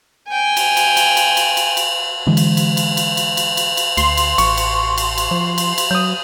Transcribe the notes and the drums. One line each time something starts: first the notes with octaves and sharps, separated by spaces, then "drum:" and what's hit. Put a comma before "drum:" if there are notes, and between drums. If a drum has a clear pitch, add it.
G5 G#5
drum: cymbal
drum: cymbal
drum: cymbal
drum: cymbal
drum: cymbal
drum: cymbal
drum: cymbal
D3 E3 G#3
drum: cymbal
drum: cymbal
drum: cymbal
drum: cymbal
drum: cymbal
drum: cymbal
drum: cymbal
drum: cymbal
D2 C6, drum: cymbal
drum: cymbal
A1 C#6, drum: cymbal
drum: cymbal
drum: cymbal
drum: cymbal
F3
drum: cymbal
drum: cymbal
F#3 D#6 G6